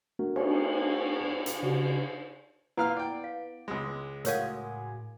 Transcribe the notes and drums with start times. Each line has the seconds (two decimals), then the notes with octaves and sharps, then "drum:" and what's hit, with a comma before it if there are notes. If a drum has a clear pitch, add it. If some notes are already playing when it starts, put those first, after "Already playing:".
0.19 A3 B3 D4 F#4 A#4
0.36 drum: cymbal
1.46 drum: hi-hat
1.63 C#3 F#4 G4
2.77 A#2 B3 E4 F5 F6
2.97 D5 G5
3.24 F5
3.68 C#2 G#3
4.25 A2 F#4 A#4 C#5 F5 G#5, drum: hi-hat